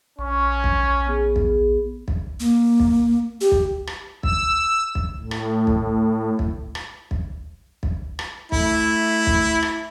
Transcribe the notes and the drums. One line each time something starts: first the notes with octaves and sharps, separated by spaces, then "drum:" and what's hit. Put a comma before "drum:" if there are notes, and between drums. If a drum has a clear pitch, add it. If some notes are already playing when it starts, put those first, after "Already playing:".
A#1 C#4 C#6
drum: kick
B3 G#4
drum: kick
drum: kick
A#3
drum: kick
G4
drum: kick
drum: rim click
E6, drum: kick
drum: kick
A2
drum: rim click
drum: kick
drum: kick
drum: rim click
drum: kick
drum: kick
drum: rim click
A3 E4, drum: kick
drum: kick
drum: rim click